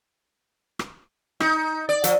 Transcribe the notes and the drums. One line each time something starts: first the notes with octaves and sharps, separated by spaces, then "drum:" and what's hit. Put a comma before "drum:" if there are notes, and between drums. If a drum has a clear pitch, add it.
drum: rim click
D#4, drum: rim click
D5
F3, drum: hi-hat